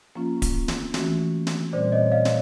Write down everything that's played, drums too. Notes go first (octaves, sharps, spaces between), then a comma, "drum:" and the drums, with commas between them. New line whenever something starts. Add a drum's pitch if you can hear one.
F3 A#3 C#4 F4
drum: kick D1, hi-hat
drum: snare
E3 A3 C#4 F#4, drum: snare
drum: snare
A#2 G3 C4 C5 D5
C#5 D#5
D#5 F5
drum: snare